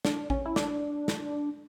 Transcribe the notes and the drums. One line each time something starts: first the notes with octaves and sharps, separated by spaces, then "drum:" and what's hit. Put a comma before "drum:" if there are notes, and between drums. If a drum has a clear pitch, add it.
D4, drum: snare
C#4, drum: kick A1
E4
D4, drum: snare
drum: snare